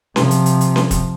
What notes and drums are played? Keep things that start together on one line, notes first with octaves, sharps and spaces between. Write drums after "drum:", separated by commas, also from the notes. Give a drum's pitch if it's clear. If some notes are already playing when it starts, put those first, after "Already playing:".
C3 F3, drum: snare C#4
drum: hi-hat
drum: hi-hat
drum: hi-hat
drum: snare C#4
drum: kick, hi-hat